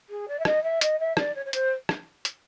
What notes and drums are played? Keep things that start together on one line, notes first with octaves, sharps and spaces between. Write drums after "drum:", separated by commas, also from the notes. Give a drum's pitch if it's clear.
G#4
D5
E5
D#5, drum: rim click
E5
D#5, drum: hi-hat
E5
D5, drum: rim click
C#5
C#5
C5, drum: hi-hat
drum: rim click
drum: hi-hat